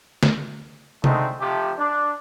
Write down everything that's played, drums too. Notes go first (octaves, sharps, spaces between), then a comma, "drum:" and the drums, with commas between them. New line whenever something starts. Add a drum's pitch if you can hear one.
drum: snare
D3 G#3 A3 C4 D#4, drum: tom C3
C3 F3 A3 G4
D4